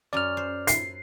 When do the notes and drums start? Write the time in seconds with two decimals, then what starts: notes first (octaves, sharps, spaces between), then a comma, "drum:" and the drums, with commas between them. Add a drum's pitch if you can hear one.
0.13 F#2 C#4 D5 F6
0.37 C5
0.67 C7, drum: hi-hat